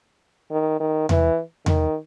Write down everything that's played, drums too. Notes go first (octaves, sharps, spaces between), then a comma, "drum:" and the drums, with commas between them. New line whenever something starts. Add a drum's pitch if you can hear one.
D#3
D#3
E3, drum: tom E2
D#3, drum: tom E2